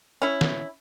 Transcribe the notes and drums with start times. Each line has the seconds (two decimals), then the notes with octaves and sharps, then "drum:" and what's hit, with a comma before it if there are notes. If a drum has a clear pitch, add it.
0.22 C#4 E4
0.41 drum: snare